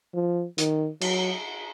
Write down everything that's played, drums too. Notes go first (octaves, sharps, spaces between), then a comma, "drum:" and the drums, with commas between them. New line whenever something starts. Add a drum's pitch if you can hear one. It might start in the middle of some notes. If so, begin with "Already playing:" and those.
F3
D#3, drum: hi-hat
F#3, drum: cymbal